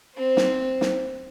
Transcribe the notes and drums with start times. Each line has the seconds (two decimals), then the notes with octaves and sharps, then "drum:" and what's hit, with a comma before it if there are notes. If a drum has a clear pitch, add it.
0.15 C4 C5
0.37 drum: snare
0.81 drum: snare